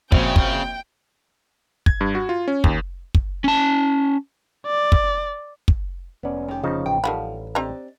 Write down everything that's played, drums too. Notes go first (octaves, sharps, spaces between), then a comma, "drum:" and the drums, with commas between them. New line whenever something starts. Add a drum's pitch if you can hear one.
A#1 C#3 C4 F#4 G5, drum: kick
drum: kick
G#6, drum: kick
G2
F#4
F4
C#4
D#2, drum: kick
drum: kick
C#4 A5
D5
drum: kick
drum: kick
F1 B3 C#4 D5
D#3 G4
C#3 F3 D#4 A4
A1 G5
D#3 F3 G3 A4 F5 F#5 B5
C4 D4 G4 D#5 A#5